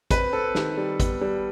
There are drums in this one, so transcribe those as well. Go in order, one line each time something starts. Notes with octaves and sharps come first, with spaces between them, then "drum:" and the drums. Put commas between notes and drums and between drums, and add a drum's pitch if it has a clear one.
C4 B4, drum: kick, hi-hat
C4 A4
D#3, drum: snare
G3
B3, drum: kick, hi-hat
G3